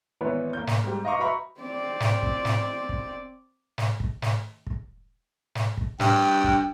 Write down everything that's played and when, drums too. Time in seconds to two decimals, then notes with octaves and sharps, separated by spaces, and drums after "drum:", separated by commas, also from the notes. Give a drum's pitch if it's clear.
0.21 G#1 E3 B3 B4 C#5
0.53 A#3 G6
0.67 drum: snare
0.84 G#2 G3
1.05 D#5 F5 A#5 C#6 D6
1.19 F#4 B4 E5 A#5 B5 C#6
1.60 C4 D5
2.00 drum: snare
2.23 drum: kick
2.45 drum: snare
2.89 drum: kick
3.78 drum: snare
4.00 drum: kick
4.22 drum: snare
4.67 drum: kick
5.55 drum: snare
5.77 drum: kick
6.00 G2 G5, drum: snare
6.44 drum: kick